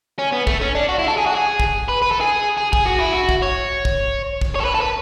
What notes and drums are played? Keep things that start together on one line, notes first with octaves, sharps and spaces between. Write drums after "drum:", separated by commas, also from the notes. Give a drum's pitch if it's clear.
C#4
B3
A3, drum: kick
C#4
D4
F#4
E4
A4
G#4
F#4
G#4
drum: kick
B4
B4
A4
G#4
G#4
G#4, drum: kick
F#4
E4
F#4
drum: kick
C#5
drum: kick
drum: kick
C#5
A4
B4
A4
B4